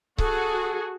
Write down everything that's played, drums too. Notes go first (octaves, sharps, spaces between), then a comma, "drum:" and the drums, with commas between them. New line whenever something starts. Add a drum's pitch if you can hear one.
F#4 G#4 A4, drum: kick C#1